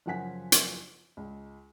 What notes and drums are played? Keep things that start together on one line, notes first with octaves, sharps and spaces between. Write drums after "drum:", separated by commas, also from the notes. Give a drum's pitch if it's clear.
F#2 C#3 F3 F#5 G#5 B6
drum: hi-hat
C#2